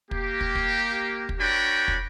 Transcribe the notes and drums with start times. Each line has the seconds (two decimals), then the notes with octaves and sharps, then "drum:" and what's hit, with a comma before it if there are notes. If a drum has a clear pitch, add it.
0.11 A#3 G4, drum: kick
0.41 drum: kick
0.55 drum: kick
1.29 drum: kick
1.39 D4 F#4 A#4 C#5 G5 B5
1.88 drum: kick